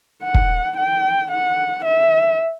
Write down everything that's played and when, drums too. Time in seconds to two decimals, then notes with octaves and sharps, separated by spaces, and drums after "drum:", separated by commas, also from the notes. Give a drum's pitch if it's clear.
0.23 F#5
0.34 drum: kick
0.77 G5
1.31 F#5
1.85 E5